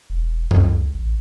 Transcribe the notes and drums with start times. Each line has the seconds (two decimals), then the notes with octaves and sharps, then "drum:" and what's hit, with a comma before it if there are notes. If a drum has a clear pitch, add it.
0.10 E1
0.51 C#2, drum: tom F#2
0.95 A1